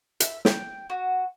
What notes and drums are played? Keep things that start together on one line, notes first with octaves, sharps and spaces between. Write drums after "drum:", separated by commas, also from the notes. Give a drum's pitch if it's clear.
E5, drum: hi-hat
G5, drum: snare
F#4